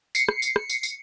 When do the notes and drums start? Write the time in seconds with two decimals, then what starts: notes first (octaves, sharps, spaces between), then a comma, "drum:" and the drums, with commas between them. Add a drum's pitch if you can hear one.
0.15 C7 C#7, drum: tambourine
0.29 drum: rim click
0.42 drum: tambourine
0.56 drum: rim click
0.70 drum: tambourine
0.83 drum: tambourine